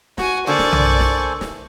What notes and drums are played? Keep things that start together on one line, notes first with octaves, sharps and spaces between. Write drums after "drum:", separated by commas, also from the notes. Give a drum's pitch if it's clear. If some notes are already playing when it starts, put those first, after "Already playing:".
F#4 G#5, drum: snare
D3 A#3 A4 C5 D5 G#5 C#6
drum: snare
drum: tom B1
drum: snare
drum: snare